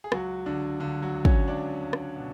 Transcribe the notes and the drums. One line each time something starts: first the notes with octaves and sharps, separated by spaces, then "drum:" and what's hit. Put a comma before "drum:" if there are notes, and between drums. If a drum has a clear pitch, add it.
G#4
C#2 F#3 F#4, drum: rim click
C#2 D3 D4
C#2 D3 D4
F#3 F#4
C#2
C#4 C#5, drum: kick
C#2 D4 D5
C#2
drum: rim click
B2